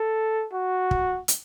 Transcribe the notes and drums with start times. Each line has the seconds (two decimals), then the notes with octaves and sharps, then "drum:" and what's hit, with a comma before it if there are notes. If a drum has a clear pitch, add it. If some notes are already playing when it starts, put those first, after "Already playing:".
Already playing: A4
0.53 F#4
0.91 drum: kick
1.28 drum: hi-hat